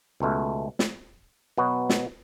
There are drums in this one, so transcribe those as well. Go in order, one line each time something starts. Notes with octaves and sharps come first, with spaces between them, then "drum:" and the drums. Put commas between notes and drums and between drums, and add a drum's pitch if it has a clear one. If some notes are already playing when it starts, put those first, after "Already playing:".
C#2 B2 A3
drum: snare
B2 F#3 B3 F#4
drum: snare